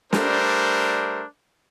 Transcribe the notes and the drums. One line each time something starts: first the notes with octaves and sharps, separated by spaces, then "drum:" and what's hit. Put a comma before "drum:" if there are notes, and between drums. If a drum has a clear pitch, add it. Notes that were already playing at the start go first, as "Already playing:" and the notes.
G3 A3 D4 A#4 C5, drum: snare